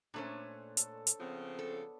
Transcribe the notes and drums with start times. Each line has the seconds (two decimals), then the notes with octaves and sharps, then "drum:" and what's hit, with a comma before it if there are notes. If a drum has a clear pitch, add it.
0.14 A#2 A3 C#4 D4 C5 C#5
0.77 A4, drum: hi-hat
1.07 drum: hi-hat
1.20 C#3 F3 B3 C4
1.59 A4